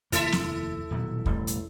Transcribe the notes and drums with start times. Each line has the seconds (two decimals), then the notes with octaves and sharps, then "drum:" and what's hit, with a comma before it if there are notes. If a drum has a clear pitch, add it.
0.12 F1 D#2 A#3 E4 A4 E5, drum: hi-hat
0.32 drum: snare
0.91 D#1 B2 F#3
1.26 E1 A1 G3, drum: kick
1.47 drum: hi-hat